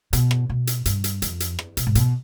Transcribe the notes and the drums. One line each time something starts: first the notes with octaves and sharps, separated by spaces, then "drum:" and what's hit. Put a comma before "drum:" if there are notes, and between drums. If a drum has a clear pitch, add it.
B2, drum: hi-hat
drum: rim click
B2
drum: hi-hat
G2, drum: hi-hat
drum: hi-hat
F2, drum: hi-hat
drum: hi-hat
drum: rim click
B2, drum: hi-hat
G#2
B2, drum: hi-hat